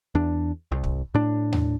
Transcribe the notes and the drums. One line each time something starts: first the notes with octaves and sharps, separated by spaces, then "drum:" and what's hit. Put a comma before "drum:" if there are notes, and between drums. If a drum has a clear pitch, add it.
E2 D4
C2
drum: kick
A2 D4
drum: tom D#2